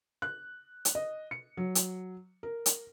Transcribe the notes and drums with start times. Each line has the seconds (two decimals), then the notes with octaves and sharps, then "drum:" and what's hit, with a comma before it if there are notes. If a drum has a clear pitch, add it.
0.22 F#6
0.85 drum: hi-hat
0.95 D#5
1.31 C#7
1.57 F#3
1.75 drum: hi-hat
2.43 A#4
2.66 drum: hi-hat